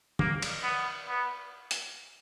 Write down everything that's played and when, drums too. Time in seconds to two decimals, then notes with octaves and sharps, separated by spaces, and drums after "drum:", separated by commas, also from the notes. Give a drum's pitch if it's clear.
0.19 A#3, drum: tom
0.42 drum: cymbal
0.63 B3
1.08 B3
1.71 drum: hi-hat